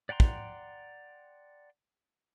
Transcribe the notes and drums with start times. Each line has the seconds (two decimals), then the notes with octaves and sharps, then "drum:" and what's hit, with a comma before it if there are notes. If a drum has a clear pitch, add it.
0.09 D5 F#5 G5 A#5 C6
0.20 drum: kick